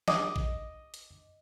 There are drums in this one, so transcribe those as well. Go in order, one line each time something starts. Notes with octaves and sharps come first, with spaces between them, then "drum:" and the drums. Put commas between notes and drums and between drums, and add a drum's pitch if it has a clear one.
D#5 D6 D#6, drum: snare
drum: kick
drum: hi-hat